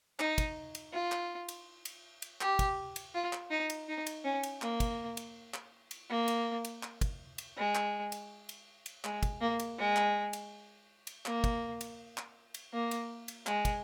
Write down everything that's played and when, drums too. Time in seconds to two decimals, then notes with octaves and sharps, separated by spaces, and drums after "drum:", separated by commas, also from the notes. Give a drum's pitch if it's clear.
0.20 D#4, drum: clap
0.38 drum: kick, cymbal
0.75 drum: cymbal
0.93 F4
1.12 drum: clap
1.48 drum: cymbal
1.85 drum: cymbal
2.22 drum: cymbal
2.41 G4, drum: clap
2.59 drum: kick, cymbal
2.96 drum: cymbal
3.15 F4
3.33 drum: clap
3.51 D#4
3.70 drum: cymbal
3.89 D#4
4.07 drum: cymbal
4.25 C#4
4.43 drum: cymbal
4.62 A#3, drum: clap
4.80 drum: kick, cymbal
5.17 drum: cymbal
5.54 drum: clap
5.91 drum: cymbal
6.09 A#3
6.28 drum: cymbal
6.65 drum: cymbal
6.83 drum: clap
7.01 drum: kick, cymbal
7.38 drum: cymbal
7.57 G#3
7.75 drum: clap
8.12 drum: cymbal
8.49 drum: cymbal
8.86 drum: cymbal
9.04 G#3, drum: clap
9.23 drum: kick, cymbal
9.41 A#3
9.59 drum: cymbal
9.78 G#3
9.96 drum: clap
10.33 drum: cymbal
11.07 drum: cymbal
11.26 A#3, drum: clap
11.44 drum: kick, cymbal
11.81 drum: cymbal
12.18 drum: clap
12.54 drum: cymbal
12.73 A#3
12.91 drum: cymbal
13.28 drum: cymbal
13.46 G#3, drum: clap
13.65 drum: kick, cymbal